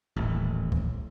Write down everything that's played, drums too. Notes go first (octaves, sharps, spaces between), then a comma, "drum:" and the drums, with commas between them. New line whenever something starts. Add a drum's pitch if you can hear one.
D#1 A1
drum: kick C#2